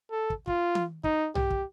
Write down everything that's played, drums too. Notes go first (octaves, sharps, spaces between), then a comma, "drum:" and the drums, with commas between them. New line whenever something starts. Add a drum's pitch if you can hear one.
A4
drum: kick
F4, drum: kick
drum: tom
D#4, drum: kick
G4, drum: tom B1
drum: kick